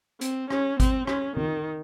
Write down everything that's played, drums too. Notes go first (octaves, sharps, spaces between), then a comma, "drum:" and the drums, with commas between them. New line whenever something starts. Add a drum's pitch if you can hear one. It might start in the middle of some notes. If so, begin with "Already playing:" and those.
C4, drum: hi-hat
C#4, drum: rim click
C4, drum: kick G#1, hi-hat
C#4, drum: rim click
D#3, drum: tom D#3